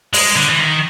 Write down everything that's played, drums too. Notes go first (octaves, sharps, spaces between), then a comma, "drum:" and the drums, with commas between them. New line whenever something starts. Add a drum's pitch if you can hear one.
G#3, drum: open hi-hat
D3
E3
D#3